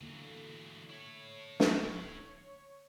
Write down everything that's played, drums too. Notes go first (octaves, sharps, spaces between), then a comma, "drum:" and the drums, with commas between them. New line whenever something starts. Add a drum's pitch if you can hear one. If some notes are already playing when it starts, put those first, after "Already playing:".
D3 E3 F#3 A#3
E4 A4 C#5
drum: snare